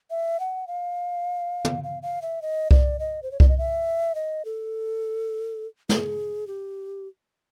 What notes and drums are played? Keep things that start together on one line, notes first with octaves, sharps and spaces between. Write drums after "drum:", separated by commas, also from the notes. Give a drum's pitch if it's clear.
E5
F#5
F5
drum: tom
F5
F5
E5
D#5
D5, drum: kick C2
D#5
C5
C#5
D5, drum: kick C2
D#5
E5
D#5
A4
G#4, drum: snare
G4